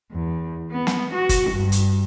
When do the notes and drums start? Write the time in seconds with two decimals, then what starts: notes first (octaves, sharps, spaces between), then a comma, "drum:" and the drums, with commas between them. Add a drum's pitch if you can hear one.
0.11 E2
0.70 B3
0.87 drum: snare
1.14 F#4
1.29 drum: kick, hi-hat
1.51 G2
1.72 drum: hi-hat